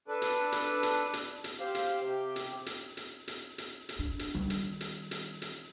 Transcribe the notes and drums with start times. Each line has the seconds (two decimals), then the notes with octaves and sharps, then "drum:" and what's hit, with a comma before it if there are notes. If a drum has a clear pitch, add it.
0.08 D4 A4 B4
0.22 drum: hi-hat
0.52 drum: hi-hat
0.83 drum: hi-hat
1.13 drum: hi-hat
1.44 drum: hi-hat
1.60 G4 C5 F5
1.75 drum: hi-hat
2.00 C3 G4
2.36 drum: hi-hat
2.66 drum: hi-hat
2.97 drum: hi-hat
3.28 drum: hi-hat
3.58 drum: hi-hat
3.89 drum: hi-hat
3.99 D4
4.19 drum: hi-hat
4.35 D#3 G3
4.50 drum: hi-hat
4.81 drum: hi-hat
5.11 drum: hi-hat
5.42 drum: hi-hat